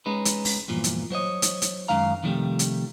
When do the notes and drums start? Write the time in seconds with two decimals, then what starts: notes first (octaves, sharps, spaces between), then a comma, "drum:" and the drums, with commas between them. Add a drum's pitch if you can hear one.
0.06 G#3 C#4 D#4 B4
0.25 drum: hi-hat
0.45 drum: open hi-hat
0.68 E2 G2 A#2 F3 F#3
0.84 drum: hi-hat
1.10 F#3 C5 C#5 D#5
1.42 drum: hi-hat
1.62 drum: hi-hat
1.88 F#2 D#3 G#3 F5 A#5
2.23 C3 D#3 F3 G3 A3
2.59 drum: hi-hat